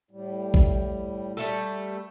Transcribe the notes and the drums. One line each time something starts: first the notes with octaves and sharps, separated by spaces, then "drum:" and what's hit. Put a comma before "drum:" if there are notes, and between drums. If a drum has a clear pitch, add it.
A2 G3
drum: kick A#1
G3 A3 A4